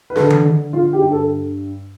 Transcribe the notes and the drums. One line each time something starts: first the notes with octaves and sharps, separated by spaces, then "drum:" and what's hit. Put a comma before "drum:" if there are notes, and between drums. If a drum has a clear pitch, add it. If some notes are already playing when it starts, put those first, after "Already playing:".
B4
D3 A4, drum: snare
drum: tom D#3
D3
D3 F4
G4
G2
A4